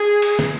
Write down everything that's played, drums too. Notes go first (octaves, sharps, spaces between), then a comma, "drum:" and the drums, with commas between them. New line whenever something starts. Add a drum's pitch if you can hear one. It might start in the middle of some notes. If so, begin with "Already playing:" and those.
Already playing: G#4
drum: cymbal
drum: snare